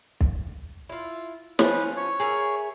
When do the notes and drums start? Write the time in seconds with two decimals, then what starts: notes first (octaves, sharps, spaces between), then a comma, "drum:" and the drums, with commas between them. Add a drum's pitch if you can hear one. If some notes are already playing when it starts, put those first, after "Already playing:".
0.21 drum: kick
0.89 E4 F4
1.59 F3 C#4 B4, drum: snare
1.97 C#5
2.20 G#4 A#4 E5